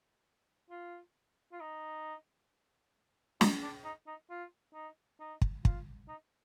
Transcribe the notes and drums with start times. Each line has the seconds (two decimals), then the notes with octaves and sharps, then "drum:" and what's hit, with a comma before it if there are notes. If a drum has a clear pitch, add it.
0.71 F4
1.52 F4
1.61 D#4
3.41 D#4, drum: snare
3.63 D4
3.85 D#4
4.07 D#4
4.30 F4
4.74 D#4
5.20 D#4
5.42 drum: kick
5.65 F4, drum: kick
6.08 D#4